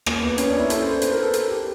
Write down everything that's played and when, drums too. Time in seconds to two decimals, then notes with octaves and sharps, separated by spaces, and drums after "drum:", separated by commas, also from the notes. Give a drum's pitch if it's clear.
0.06 A#3, drum: rim click
0.22 B3
0.38 C#4, drum: hi-hat
0.49 D4
0.60 E4
0.70 A4, drum: hi-hat
0.81 C5
0.91 C5
1.02 B4, drum: hi-hat
1.12 A#4
1.23 A4
1.34 drum: hi-hat
1.49 G4